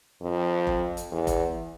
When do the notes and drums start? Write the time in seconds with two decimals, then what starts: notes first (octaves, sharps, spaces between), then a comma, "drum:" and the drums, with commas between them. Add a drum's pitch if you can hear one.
0.22 F2
0.67 drum: kick F1
0.97 drum: hi-hat
1.12 E2
1.27 drum: kick F1, hi-hat